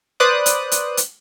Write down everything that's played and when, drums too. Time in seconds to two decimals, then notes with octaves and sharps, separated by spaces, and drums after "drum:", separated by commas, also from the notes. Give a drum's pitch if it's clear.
0.20 B4 C5 D5 D6 D#6 F#6
0.46 drum: hi-hat
0.72 drum: hi-hat
0.97 drum: hi-hat